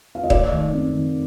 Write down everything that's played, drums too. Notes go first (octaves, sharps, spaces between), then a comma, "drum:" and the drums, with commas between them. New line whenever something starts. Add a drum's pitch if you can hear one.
F5
D#5
A3 D5, drum: kick D#1
D#3
C4
D#3